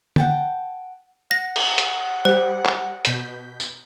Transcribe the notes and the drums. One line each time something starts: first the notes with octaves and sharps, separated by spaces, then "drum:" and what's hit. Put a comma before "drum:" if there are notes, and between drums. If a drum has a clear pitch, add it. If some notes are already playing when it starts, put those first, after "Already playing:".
F#5 G5 A5, drum: tom D3
F#5 A#6
drum: cymbal
drum: hi-hat
G3 G4 C5
drum: clap
B2 G6 B6, drum: hi-hat
drum: tambourine